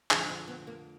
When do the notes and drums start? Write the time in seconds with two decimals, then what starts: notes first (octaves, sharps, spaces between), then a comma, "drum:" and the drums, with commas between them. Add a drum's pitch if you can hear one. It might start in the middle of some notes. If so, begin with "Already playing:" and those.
0.11 F2 D3 F3 G#3, drum: clap
0.29 C4
0.48 B3
0.67 A#3